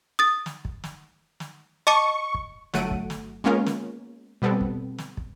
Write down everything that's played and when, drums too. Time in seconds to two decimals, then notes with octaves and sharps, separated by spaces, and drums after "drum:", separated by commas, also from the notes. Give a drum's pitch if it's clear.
0.19 D#6 A6
0.46 drum: snare
0.65 drum: kick
0.84 drum: snare
1.40 drum: snare
1.87 D#5 A5 C#6 D6
2.34 drum: kick
2.74 G1 F#3 A3 F#5 D7 D#7, drum: snare
2.91 drum: kick
3.10 drum: snare
3.44 G#3 A#3 B3 C#4 F4 A#4
3.66 drum: snare
4.42 B2 G3 B3 C4 A4
4.61 drum: kick
4.98 drum: snare
5.17 drum: kick